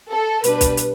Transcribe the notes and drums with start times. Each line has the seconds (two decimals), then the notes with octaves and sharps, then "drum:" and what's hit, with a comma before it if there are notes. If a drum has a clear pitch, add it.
0.11 A4
0.44 B2 G3 D4 B4, drum: hi-hat
0.61 drum: kick, hi-hat
0.77 drum: hi-hat